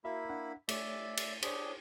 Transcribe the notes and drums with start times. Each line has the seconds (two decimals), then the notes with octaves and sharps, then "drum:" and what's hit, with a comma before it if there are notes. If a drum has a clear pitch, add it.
0.04 A#3 E4 F#4 E5 F5 B5
0.29 D4 F#5
0.69 A3 C#5 D5 E5 D6, drum: cymbal
1.17 drum: cymbal
1.42 D4 G4 G#4 C5 C#5, drum: cymbal